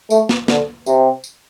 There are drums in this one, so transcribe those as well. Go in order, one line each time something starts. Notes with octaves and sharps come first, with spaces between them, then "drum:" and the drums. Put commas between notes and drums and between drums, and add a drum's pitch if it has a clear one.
A3, drum: tambourine
drum: snare
D3, drum: snare
C3, drum: tambourine
drum: tambourine